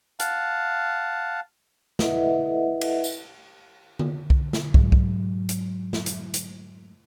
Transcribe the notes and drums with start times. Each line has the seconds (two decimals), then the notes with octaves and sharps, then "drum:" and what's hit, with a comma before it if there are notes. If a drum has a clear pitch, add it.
0.20 F5 F#5 A5, drum: hi-hat
1.99 E4 A4 B4 D#5 E5 F#5, drum: snare
2.81 drum: cymbal
3.04 drum: tambourine
3.99 drum: tom D3
4.30 drum: kick
4.53 drum: snare
4.74 G#2 F#3, drum: kick
4.92 drum: kick
5.49 drum: hi-hat
5.93 drum: snare
6.06 drum: hi-hat
6.34 drum: hi-hat